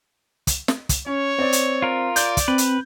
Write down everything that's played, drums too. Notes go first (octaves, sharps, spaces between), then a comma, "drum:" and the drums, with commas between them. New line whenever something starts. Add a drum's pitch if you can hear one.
drum: kick, hi-hat
drum: snare
drum: kick, hi-hat
C#4 C#5
C4 D5
drum: hi-hat
F4 A#4
D5 G6, drum: hi-hat
drum: kick, hi-hat
C4 B4
drum: hi-hat